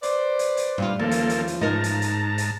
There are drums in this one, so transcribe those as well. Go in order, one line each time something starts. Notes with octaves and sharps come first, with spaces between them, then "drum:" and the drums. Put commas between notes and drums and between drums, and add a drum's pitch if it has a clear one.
B4 C5 D5, drum: hi-hat
drum: hi-hat
drum: hi-hat
G2 F4
D#2 C#3 E3 F3 A#3 A4
drum: hi-hat
drum: hi-hat
drum: hi-hat
G#2 D#4 A#4 A5 A#5
drum: hi-hat
drum: hi-hat
drum: hi-hat